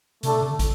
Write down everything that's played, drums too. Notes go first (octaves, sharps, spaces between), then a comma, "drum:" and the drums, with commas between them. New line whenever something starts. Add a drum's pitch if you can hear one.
C3 A3 D4 A4, drum: hi-hat
B2
C3
D3
drum: kick, hi-hat